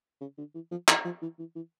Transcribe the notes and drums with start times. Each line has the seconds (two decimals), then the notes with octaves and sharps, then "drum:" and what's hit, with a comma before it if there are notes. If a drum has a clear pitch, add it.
0.21 C#3
0.38 D3
0.54 E3
0.71 F3
0.88 E3, drum: clap
1.05 F3
1.22 E3
1.39 E3
1.56 E3